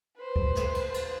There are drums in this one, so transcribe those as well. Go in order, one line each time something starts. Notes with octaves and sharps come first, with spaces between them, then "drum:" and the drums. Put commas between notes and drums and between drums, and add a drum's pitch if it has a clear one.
B4 C5
drum: kick
drum: snare
drum: cymbal
drum: cymbal